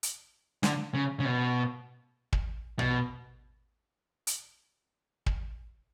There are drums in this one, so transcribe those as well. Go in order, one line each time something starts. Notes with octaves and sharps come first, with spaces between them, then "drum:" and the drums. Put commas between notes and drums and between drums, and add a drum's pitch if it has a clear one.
drum: hi-hat
D3, drum: snare
C#3
C#3
B2
drum: kick
B2, drum: tom
drum: hi-hat
drum: kick